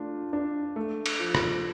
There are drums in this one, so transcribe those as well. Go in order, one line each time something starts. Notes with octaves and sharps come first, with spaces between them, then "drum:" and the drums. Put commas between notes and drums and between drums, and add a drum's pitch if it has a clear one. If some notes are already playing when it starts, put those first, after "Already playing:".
Already playing: A3 D4 F4
D4
A3
drum: cymbal
F3
drum: rim click